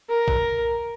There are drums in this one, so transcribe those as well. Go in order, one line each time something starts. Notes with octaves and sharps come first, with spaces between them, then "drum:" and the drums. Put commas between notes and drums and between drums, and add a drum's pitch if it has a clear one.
A#4
drum: kick